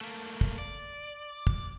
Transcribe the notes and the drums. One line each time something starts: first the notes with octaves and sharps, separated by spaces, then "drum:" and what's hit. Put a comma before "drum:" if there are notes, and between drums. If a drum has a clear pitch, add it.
A3 A#3
drum: kick
D5
drum: kick